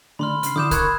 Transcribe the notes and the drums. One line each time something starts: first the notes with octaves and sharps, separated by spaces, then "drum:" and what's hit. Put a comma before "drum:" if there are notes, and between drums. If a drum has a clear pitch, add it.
D3 A3 D4 B5 C6 F6
C#3 F6 C7, drum: hi-hat
D3 E4 D6 D#6 G6 E7
A#4 B5 C#6 E6 F#6 G#6, drum: kick C#1, hi-hat